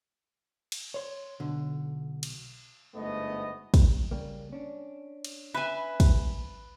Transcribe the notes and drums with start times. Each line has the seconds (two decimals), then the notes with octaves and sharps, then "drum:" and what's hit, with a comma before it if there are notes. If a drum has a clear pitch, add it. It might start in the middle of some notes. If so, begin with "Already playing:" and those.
0.72 drum: cymbal
0.94 C#5 C6
1.40 B1 D3
2.23 drum: cymbal
2.95 G1 G#2 A3 B3 D#5
3.74 drum: kick, cymbal
4.11 C#3 G3 A#3
4.53 C#4 D4
5.25 drum: cymbal
5.54 B4 E5 G#5
6.00 drum: kick, cymbal